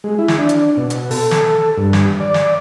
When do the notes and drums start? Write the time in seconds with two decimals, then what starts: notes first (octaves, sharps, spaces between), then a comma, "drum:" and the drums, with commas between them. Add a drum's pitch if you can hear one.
0.04 G#3
0.19 E4
0.28 drum: snare
0.38 D4
0.49 drum: hi-hat
0.77 B2
0.90 drum: hi-hat
1.11 A4, drum: open hi-hat
1.31 drum: snare
1.77 G2
1.93 drum: snare
2.20 D5
2.34 drum: snare